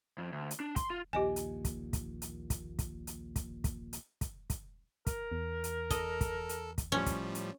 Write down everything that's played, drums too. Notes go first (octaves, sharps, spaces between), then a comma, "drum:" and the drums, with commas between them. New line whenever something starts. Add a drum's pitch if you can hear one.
F2
D2
drum: hi-hat
D4
C6, drum: kick, hi-hat
F4
A#1 D#2 A#2 G4 D#5 G#5
drum: hi-hat
drum: kick, hi-hat
drum: kick, hi-hat
drum: hi-hat
drum: kick, hi-hat
drum: kick, hi-hat
drum: hi-hat
drum: kick, hi-hat
drum: kick, hi-hat
drum: hi-hat
drum: kick, hi-hat
drum: kick, hi-hat
A#4, drum: kick, hi-hat
E2
drum: hi-hat
A4 D#5, drum: kick, hi-hat
drum: kick, hi-hat
drum: hi-hat
drum: kick, hi-hat
A2 F3 G3 C#4
drum: kick, hi-hat
drum: hi-hat